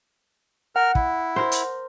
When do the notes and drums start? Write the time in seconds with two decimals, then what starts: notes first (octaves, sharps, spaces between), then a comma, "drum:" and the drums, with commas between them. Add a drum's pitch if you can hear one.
0.76 A#4 F#5 F6
0.95 E4, drum: kick
1.36 A#4 C5
1.52 drum: hi-hat